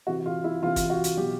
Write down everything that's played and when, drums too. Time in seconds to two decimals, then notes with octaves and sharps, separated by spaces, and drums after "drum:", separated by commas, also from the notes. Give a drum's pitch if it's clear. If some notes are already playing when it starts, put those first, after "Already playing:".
0.07 C3 E3 F#4
0.26 F4
0.44 E4
0.63 C3 E3 F4
0.76 drum: kick, hi-hat
0.90 F#4
1.04 drum: hi-hat
1.17 B2 F#3 G4